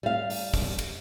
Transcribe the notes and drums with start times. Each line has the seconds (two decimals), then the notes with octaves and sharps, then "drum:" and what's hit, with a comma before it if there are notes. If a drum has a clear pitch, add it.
0.03 G3 F5
0.30 drum: open hi-hat
0.54 drum: kick
0.78 drum: cymbal